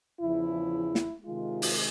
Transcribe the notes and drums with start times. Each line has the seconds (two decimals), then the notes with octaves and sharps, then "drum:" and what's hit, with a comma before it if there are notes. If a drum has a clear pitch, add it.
0.20 E2 C#3 F3 E4
0.95 drum: snare
1.25 C3 D#3 G#3 F4
1.62 drum: open hi-hat